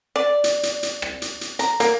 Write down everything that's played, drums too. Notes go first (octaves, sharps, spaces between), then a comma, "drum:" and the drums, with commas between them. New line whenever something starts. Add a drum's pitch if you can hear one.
D5
drum: hi-hat
drum: hi-hat
drum: hi-hat
drum: rim click
drum: hi-hat
drum: hi-hat
A#5, drum: hi-hat
A#3, drum: hi-hat